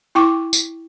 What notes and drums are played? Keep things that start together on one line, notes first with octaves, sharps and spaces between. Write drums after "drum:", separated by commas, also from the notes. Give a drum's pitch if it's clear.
E4 G5 C#6 D6
drum: tambourine